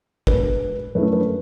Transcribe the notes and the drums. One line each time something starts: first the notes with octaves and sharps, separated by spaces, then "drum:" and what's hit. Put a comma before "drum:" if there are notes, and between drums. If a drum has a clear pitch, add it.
B2 G#3 D4 B4, drum: kick
F#2 D3 A3 C#4 E4 B4
B4